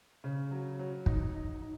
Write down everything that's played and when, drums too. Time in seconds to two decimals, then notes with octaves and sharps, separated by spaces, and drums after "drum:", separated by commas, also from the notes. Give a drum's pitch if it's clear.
0.24 C#3
0.51 F#3
0.79 F#3
1.06 D#4, drum: kick
1.34 D#4
1.62 D#4